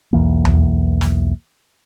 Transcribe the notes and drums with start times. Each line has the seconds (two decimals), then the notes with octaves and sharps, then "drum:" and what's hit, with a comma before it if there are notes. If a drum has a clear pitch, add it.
0.13 B1 E2 E3 A#3
0.45 drum: tom D#2
1.01 drum: snare